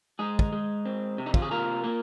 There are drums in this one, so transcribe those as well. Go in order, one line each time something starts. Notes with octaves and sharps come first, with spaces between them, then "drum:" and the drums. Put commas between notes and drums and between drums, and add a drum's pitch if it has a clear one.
G#3 D#4 G#4
drum: kick
G#3
C4
C3
D#4
F4, drum: kick
G#4
A#3 F4 A#4
A#3